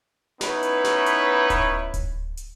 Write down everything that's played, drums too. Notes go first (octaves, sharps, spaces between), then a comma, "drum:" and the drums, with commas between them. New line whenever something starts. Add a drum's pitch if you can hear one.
B3 C#4 D#4 E4 B4 C#5, drum: snare
drum: hi-hat
drum: snare
drum: hi-hat
drum: kick D1, hi-hat
drum: kick D1, hi-hat
drum: hi-hat